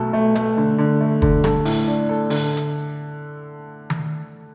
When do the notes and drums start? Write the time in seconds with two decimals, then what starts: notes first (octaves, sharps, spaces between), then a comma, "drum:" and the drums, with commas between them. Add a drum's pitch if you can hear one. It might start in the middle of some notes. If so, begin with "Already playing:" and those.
Already playing: B1 B2 A3 A4
0.13 A3
0.35 A3, drum: hi-hat
0.57 D3
0.78 D3
1.01 A3
1.22 D3, drum: kick
1.44 A4, drum: rim click
1.65 A2, drum: open hi-hat
1.87 D4
2.09 A4
2.30 D3, drum: open hi-hat
2.57 drum: hi-hat
3.90 drum: tom D#3